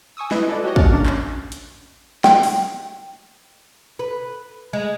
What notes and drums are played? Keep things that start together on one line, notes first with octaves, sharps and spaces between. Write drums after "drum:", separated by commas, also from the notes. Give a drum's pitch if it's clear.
G#5 C#6 D#6 E6
E4 B4 D#5, drum: snare
F4 A4 B4 D5 D#5
F#4 G4 C#5 D#5
C#4 A4 F#5 F6 A6, drum: kick
A#3 C#4 D4
drum: clap
drum: hi-hat
G5, drum: snare
drum: open hi-hat
B4
G#3